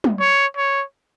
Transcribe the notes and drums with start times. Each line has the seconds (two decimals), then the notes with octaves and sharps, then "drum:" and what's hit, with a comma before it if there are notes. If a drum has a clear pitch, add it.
0.04 drum: tom
0.20 C#5
0.57 C#5